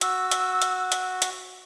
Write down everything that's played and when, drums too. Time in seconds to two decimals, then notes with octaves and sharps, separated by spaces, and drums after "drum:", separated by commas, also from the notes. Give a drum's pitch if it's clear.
0.01 F#4 E6, drum: hi-hat
0.31 drum: hi-hat
0.62 drum: hi-hat
0.92 drum: hi-hat
1.22 drum: hi-hat